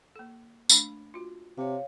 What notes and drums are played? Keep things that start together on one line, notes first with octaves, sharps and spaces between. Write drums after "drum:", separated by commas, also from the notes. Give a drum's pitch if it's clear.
A#3 A4
A3 D4 B5, drum: tambourine
F4 F#4
C3 C#5 F5